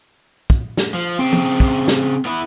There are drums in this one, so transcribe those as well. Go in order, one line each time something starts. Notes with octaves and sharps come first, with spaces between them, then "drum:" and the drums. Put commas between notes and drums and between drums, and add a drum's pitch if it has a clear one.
drum: kick
drum: snare
F3
C#3 C4 C5 G5
drum: tom F3
drum: kick
drum: snare
B3 E4 B4